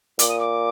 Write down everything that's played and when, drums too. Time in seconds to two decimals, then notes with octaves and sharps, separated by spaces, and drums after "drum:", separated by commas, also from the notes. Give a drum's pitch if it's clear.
0.19 A#2 D6, drum: hi-hat
0.28 D#6
0.39 D6